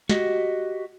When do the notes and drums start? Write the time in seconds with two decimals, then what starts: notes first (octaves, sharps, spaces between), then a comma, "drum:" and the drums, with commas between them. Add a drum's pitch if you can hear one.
0.09 F#4 G4 D#5, drum: snare